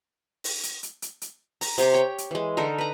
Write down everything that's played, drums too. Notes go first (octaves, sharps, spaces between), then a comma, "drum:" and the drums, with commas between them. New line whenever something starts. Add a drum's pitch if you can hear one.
drum: open hi-hat
drum: hi-hat
drum: hi-hat
drum: hi-hat
drum: hi-hat
A#5, drum: open hi-hat
C3 G4 C6 D6, drum: hi-hat
C#5 G5
drum: hi-hat
E3 G#3
D3 D#4 A4 A#4
B4 A#5